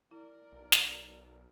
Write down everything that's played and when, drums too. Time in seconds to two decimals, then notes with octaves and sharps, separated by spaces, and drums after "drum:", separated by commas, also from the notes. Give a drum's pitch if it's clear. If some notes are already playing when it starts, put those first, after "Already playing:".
0.11 E4 A#4 D5
0.52 B1
0.72 drum: snare